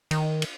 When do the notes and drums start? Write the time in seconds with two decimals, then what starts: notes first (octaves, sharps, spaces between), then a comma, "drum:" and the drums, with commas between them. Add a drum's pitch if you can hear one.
0.11 D#3, drum: cymbal
0.42 drum: cymbal